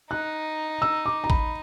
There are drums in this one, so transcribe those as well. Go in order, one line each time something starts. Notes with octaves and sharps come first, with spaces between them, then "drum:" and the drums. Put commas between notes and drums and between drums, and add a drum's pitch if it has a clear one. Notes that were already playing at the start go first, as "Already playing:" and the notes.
D#4 F#6
E6
D6
A#5
B5, drum: kick